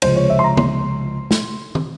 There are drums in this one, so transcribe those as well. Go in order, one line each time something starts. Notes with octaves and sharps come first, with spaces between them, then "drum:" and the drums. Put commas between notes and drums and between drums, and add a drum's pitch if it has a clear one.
C#2 C3 F3 G#3 C5, drum: cymbal
C#5
E5
C6
A#5
C6, drum: tom
drum: snare
drum: tom